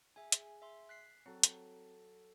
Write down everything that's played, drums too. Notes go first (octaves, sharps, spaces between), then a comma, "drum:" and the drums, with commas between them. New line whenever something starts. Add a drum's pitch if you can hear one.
G#4 E5 G#5
drum: hi-hat
E5 C6
F#6 B6 C7
F#3 C4 A4
drum: hi-hat